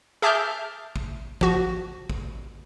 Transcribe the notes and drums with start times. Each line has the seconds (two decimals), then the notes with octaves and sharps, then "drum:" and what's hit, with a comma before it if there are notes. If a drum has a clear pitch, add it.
0.22 G#4 E5 A5 D6 F6 G6
0.96 drum: kick
1.41 F3 F#4, drum: kick
2.10 drum: kick